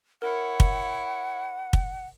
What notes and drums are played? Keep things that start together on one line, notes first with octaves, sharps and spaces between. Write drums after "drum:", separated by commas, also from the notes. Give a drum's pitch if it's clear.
E4 A#4 C#5 F#5
drum: kick
drum: kick